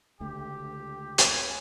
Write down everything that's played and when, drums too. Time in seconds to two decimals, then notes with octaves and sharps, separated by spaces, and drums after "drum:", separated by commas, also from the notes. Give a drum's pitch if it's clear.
0.20 C#2 D3 A3 G4
1.18 C#4 A#4 B4 G#5, drum: hi-hat